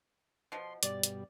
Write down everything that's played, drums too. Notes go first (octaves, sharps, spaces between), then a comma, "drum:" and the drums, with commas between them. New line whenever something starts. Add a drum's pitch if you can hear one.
B2 F3 C6
G2 B2 G3 D5, drum: hi-hat
drum: hi-hat